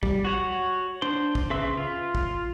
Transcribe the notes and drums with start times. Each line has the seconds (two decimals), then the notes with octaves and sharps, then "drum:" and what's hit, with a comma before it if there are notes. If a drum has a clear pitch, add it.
0.03 G3, drum: kick
0.25 F#4 C#5 F#5
1.02 D4 C5 C6
1.35 drum: kick
1.50 C#3 B4 E5 C6 E6
1.77 F4
2.15 drum: kick